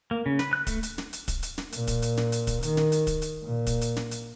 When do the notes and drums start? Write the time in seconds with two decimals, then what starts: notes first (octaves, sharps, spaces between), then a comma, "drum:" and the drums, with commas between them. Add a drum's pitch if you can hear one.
0.11 A#3
0.26 C#3
0.39 B4, drum: snare
0.53 F#6
0.67 A3, drum: kick, hi-hat
0.83 drum: hi-hat
0.98 drum: snare
1.13 drum: hi-hat
1.28 drum: kick, hi-hat
1.43 drum: hi-hat
1.58 drum: snare
1.73 A#2, drum: hi-hat
1.88 drum: kick, hi-hat
2.02 drum: hi-hat
2.17 drum: snare
2.32 drum: hi-hat
2.47 drum: kick, hi-hat
2.63 D#3, drum: hi-hat
2.77 drum: snare
2.92 drum: hi-hat
3.07 drum: kick, hi-hat
3.22 drum: hi-hat
3.44 A#2
3.67 drum: kick, hi-hat
3.82 drum: hi-hat
3.96 drum: snare
4.11 drum: hi-hat